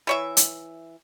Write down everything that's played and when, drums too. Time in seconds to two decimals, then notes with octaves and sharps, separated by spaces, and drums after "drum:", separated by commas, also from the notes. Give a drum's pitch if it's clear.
0.07 E3 C#5 E5
0.37 drum: hi-hat